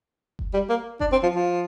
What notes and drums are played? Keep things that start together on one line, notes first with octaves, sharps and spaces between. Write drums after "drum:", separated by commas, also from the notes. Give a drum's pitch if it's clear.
drum: kick F#1
G3
A#3
D4, drum: kick F#1
C4
F3
F3